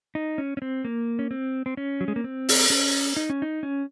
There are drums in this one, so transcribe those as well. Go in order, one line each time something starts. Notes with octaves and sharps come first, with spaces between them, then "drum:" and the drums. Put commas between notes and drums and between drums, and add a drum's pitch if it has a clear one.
D#4
C#4
C#4
C4
A#3
C#4
C4
C4
C#4
F#3
G#3
A#3
C4
drum: open hi-hat
C#4
D#4
C#4
D#4
C#4